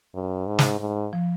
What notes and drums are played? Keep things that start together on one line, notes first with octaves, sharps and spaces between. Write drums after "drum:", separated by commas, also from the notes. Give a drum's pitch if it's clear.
F#2
G#2
drum: snare
G#2
F3